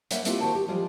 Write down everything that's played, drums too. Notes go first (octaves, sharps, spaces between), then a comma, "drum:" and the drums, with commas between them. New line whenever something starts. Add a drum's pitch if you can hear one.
G3 A#3 C#5 E5 F#5 G5, drum: hi-hat
G#3 A#3 C4 E4 F4 G4, drum: hi-hat
D#3 F#4 C5 G5 A5
G4
F3 G3 G#3 F4